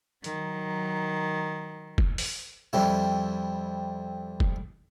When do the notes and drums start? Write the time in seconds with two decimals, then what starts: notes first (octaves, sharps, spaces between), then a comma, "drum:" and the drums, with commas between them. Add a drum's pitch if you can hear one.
0.24 D#3 F#3, drum: hi-hat
1.98 drum: kick
2.18 drum: open hi-hat
2.73 F2 G3 E4
4.40 drum: kick